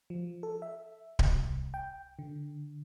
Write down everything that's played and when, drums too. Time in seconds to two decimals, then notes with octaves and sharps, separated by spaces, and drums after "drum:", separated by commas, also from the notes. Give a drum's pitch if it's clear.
0.10 F3
0.43 A4
0.62 E5
1.19 C2, drum: kick D1
1.74 G5
2.19 D3